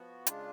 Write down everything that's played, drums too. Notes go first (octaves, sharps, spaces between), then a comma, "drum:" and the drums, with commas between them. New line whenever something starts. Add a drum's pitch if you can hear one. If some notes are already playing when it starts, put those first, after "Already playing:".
Already playing: F3 B3 F#4
C#3 G#3 D4 F4, drum: hi-hat